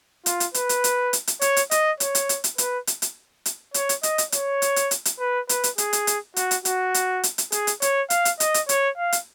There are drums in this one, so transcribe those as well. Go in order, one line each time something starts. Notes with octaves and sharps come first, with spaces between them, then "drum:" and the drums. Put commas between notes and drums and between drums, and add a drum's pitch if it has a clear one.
F4, drum: hi-hat
drum: hi-hat
B4, drum: hi-hat
drum: hi-hat
drum: hi-hat
drum: hi-hat
drum: hi-hat
C#5, drum: hi-hat
drum: hi-hat
D#5, drum: hi-hat
C#5, drum: hi-hat
drum: hi-hat
drum: hi-hat
drum: hi-hat
B4, drum: hi-hat
drum: hi-hat
drum: hi-hat
drum: hi-hat
C#5, drum: hi-hat
drum: hi-hat
D#5, drum: hi-hat
drum: hi-hat
C#5, drum: hi-hat
drum: hi-hat
drum: hi-hat
drum: hi-hat
drum: hi-hat
B4
B4, drum: hi-hat
drum: hi-hat
G#4, drum: hi-hat
drum: hi-hat
drum: hi-hat
F#4, drum: hi-hat
drum: hi-hat
F#4, drum: hi-hat
drum: hi-hat
drum: hi-hat
drum: hi-hat
G#4, drum: hi-hat
drum: hi-hat
C#5, drum: hi-hat
F5, drum: hi-hat
drum: hi-hat
D#5, drum: hi-hat
drum: hi-hat
C#5, drum: hi-hat
F5
drum: hi-hat